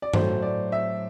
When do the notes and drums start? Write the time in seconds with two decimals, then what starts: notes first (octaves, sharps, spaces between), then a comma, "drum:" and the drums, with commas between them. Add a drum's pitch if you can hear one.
0.02 D5
0.13 A2 F#3 A3 C5, drum: tom G2
0.42 D5
0.72 E5